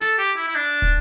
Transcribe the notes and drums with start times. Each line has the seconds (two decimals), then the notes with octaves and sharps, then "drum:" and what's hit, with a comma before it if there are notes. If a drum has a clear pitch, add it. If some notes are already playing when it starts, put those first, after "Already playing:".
0.01 A4, drum: snare
0.18 G4
0.36 E4
0.48 E4
0.56 D4
0.82 drum: kick